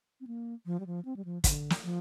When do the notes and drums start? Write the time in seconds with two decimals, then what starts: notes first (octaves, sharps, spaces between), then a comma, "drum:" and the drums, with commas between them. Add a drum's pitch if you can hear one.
0.21 C4
0.27 A#3
0.66 F3
0.80 G3
0.86 F3
1.05 C4
1.16 G3
1.25 F3
1.44 D3, drum: kick, hi-hat
1.70 drum: snare
1.84 F3